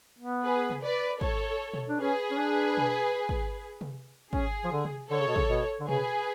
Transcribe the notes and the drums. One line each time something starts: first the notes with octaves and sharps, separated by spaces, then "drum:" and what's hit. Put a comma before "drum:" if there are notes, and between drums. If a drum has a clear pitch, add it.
B3
G#4 B4
drum: tom C3
B4 D5
A4 C#5, drum: kick
drum: tom B2
D4
C#4 G#4 B4
C#4
D4
drum: tom B2
drum: kick
drum: tom C3
C#4 G#4, drum: kick
F3
D3
drum: tom C3
D3 A4 C#5
C#3
B2
C#3, drum: kick
B2
D3
C#3 G#4 B4, drum: tom B2